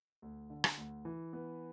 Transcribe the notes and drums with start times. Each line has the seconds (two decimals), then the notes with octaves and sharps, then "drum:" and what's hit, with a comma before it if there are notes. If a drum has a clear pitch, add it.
0.22 D2
0.50 D3
0.64 drum: rim click
0.77 D2
1.05 E3
1.33 B3